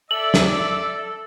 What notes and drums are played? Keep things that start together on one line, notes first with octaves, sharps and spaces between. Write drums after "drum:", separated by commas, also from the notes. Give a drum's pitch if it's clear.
A4 D5 E5 E6 F#7
drum: snare